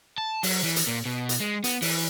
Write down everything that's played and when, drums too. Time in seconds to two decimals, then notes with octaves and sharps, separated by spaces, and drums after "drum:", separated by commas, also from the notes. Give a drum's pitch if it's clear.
0.18 A5
0.43 F#3, drum: open hi-hat
0.63 E3
0.76 drum: hi-hat
0.87 A#2
1.05 B2
1.29 drum: hi-hat
1.40 G#3
1.64 B3, drum: hi-hat
1.82 E3, drum: open hi-hat